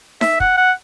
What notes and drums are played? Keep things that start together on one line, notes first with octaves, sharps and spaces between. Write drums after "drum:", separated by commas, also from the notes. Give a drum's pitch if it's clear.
E5, drum: snare D#4
F#5, drum: kick
F#5